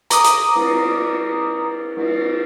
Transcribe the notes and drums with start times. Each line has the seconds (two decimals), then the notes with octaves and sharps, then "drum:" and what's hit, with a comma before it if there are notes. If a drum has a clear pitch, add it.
0.10 A#5 D6 D#6, drum: hi-hat
0.24 drum: hi-hat
0.55 drum: cymbal
1.97 drum: cymbal